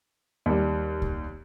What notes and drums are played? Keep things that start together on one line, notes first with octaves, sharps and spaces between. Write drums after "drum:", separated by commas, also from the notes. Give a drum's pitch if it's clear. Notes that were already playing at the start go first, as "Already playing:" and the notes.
D#2 G3
drum: kick C2